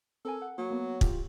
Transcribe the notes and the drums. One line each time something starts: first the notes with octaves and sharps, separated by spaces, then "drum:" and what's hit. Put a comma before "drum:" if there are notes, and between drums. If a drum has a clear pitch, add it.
C4 A4 A#4 G#5
F#5
F#3 A#3
A#3 B3
C#2 F4 G4, drum: kick